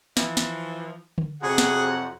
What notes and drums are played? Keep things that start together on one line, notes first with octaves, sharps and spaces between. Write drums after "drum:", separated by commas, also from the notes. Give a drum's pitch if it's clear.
E3 F3, drum: snare
drum: snare
drum: tom D3
F2 C3 F#3 F#4 G#4 F#5
drum: snare